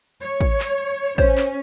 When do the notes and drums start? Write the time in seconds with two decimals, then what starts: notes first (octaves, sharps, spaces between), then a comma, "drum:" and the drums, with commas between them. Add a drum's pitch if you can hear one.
0.22 C#5
0.41 drum: kick
0.60 drum: clap
1.18 C#4 C5 C#5, drum: kick
1.38 drum: clap